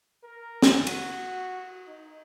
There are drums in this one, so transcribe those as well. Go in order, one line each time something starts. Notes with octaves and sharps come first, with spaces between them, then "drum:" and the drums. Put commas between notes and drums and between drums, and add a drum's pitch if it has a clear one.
A#4
drum: snare
F#4, drum: cymbal
D#4